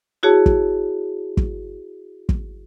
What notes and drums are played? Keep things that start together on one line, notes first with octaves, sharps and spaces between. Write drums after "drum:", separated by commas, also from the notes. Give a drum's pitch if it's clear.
E4 F#4 G#4 C#5 A5
drum: kick
drum: kick
drum: kick